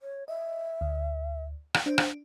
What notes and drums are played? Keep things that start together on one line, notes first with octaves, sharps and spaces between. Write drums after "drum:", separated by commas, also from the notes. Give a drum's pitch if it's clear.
C#5
D#5 E5
D2
drum: rim click
D4 C5
drum: rim click